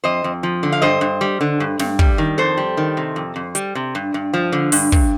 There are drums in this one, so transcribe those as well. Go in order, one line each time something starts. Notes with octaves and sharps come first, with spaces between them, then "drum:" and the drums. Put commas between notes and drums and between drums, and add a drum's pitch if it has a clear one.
F2 C5 D#5
F2
F3
D3
F5
G2 C5 D#5
G2
G3
D3
G2
G2, drum: snare
G3, drum: kick
D#3
F2 A4 C5
G3
D#3
C3
F2
F2
G3, drum: hi-hat
C3
G2
G2
F3
D3
G2, drum: open hi-hat
G2, drum: kick